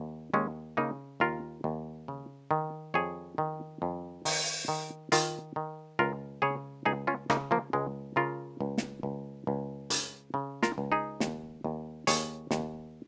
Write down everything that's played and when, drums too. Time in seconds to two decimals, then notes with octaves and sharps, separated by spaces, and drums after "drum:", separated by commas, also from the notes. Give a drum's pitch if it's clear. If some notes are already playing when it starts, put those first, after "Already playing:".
Already playing: D#2
0.33 D#2 G#3 C#4
0.77 C#3 A#3 D#4
1.20 D#2 F4 A#4
1.64 D#2
2.08 C#3
2.51 D#3
2.94 F2 G#4 C#5
3.38 D#3
3.82 F2
4.25 D#3, drum: open hi-hat
4.68 D#3
5.12 D#3 F4 A#4, drum: hi-hat
5.56 D#3
5.99 C#2 F4 A#4
6.42 C#3 G#4 C#5
6.85 C#2 D#4 G#4
7.07 C#4 F4
7.30 C#3 A#3 D#4, drum: rim click
7.51 F3 A#3
7.73 C#2 G#3
8.16 C#3 F4 A#4
8.61 C#2
8.78 drum: snare
9.03 C#2
9.47 C#2
9.90 C#3, drum: hi-hat
10.34 C#3
10.63 F4 A#4, drum: snare
10.78 C#2
10.92 D#4 G#4
11.20 D#2, drum: snare
11.64 D#2
12.07 D#2 G#4 C#5, drum: hi-hat
12.51 D#2, drum: snare